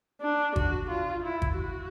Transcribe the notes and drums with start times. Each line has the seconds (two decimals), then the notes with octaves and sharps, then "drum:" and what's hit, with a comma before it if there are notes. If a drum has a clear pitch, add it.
0.21 D4
0.56 F#4, drum: kick
0.90 F4
1.24 E4
1.42 drum: kick
1.59 F#4